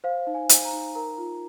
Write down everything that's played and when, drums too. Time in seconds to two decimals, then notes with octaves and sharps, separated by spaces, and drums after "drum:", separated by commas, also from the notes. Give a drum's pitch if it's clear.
0.04 C5 F5
0.27 D#4
0.34 G#5
0.49 C5, drum: hi-hat
0.65 A#5
0.73 D#4
0.95 A#4 A#5
1.18 F4